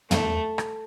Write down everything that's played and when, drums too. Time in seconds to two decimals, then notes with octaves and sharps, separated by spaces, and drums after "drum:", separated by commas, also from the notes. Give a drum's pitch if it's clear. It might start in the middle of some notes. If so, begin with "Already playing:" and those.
0.11 A3, drum: tom
0.58 drum: rim click